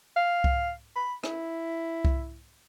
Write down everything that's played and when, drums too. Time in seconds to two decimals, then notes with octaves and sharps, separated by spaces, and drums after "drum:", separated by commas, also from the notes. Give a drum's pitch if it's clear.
0.17 F5
0.44 drum: kick C2
0.96 B5
1.24 E4, drum: rim click
2.05 drum: kick C2